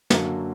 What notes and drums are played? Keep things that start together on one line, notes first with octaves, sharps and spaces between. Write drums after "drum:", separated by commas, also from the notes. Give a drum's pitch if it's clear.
F#2 D3 F#3 A#3, drum: snare